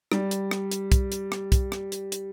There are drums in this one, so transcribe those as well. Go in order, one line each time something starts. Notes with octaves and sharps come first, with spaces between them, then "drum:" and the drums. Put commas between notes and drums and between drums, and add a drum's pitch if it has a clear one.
G3, drum: rim click
drum: hi-hat
drum: rim click
drum: hi-hat
drum: kick, hi-hat
drum: hi-hat
drum: rim click
drum: kick, hi-hat
drum: rim click
drum: hi-hat
drum: hi-hat